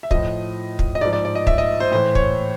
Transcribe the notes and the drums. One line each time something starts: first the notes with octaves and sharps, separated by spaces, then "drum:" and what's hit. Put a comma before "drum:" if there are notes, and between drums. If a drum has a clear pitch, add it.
E5
A2 F3 D#5, drum: kick
drum: kick
D#5
G#2 F3 D5
D5
D5
D#5
E5, drum: kick
D#5
C5
A2 E3 C5
C#5, drum: kick